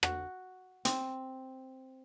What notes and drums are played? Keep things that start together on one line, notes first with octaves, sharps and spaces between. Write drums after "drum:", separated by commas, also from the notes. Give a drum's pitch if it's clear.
F#4, drum: rim click
C4, drum: hi-hat